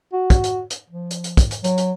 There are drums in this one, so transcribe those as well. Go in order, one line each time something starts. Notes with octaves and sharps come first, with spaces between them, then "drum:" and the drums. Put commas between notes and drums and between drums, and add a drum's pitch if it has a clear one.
F#4
drum: kick, hi-hat
drum: hi-hat
drum: hi-hat
F3
drum: hi-hat
drum: hi-hat
drum: kick, hi-hat
drum: hi-hat
F#3, drum: hi-hat
drum: hi-hat